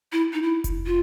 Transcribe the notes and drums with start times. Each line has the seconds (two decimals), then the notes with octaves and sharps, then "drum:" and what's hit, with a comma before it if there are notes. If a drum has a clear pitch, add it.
0.12 E4
0.33 D#4
0.42 E4
0.64 drum: kick F1, hi-hat
0.86 F4